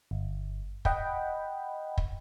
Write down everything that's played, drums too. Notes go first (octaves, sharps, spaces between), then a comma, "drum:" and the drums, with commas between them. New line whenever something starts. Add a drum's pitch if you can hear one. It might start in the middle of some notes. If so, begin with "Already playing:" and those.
G1
D#5 F#5 G5 B5, drum: kick
drum: kick